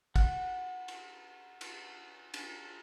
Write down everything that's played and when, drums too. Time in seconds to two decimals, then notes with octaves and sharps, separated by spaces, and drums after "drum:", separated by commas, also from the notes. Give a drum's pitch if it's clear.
0.16 F#5 F#6, drum: kick, cymbal
0.88 drum: cymbal
1.61 drum: cymbal
2.34 drum: cymbal